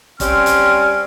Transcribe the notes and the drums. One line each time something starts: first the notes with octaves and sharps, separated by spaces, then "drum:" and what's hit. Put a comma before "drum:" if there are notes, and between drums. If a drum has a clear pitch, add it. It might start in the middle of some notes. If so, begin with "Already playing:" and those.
G3 C4 C#4 F6, drum: kick F1, hi-hat
drum: hi-hat